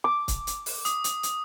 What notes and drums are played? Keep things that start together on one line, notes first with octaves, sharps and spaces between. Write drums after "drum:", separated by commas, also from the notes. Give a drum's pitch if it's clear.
D6
drum: kick, hi-hat
drum: hi-hat
drum: open hi-hat
D#6, drum: hi-hat
drum: hi-hat
drum: hi-hat